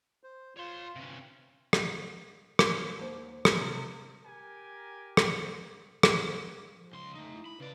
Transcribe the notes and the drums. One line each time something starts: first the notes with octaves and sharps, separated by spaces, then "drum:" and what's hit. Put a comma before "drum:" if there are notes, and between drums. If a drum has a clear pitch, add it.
C5
F4 C#5 C6
G2 C3 C#4
drum: rim click
drum: rim click
D#2 C5
drum: rim click
C3
G4 A#4 G#5
drum: rim click
drum: rim click
F3
C#2 C6
D3 A3 D#4
E4
B5
C#3 B4 D5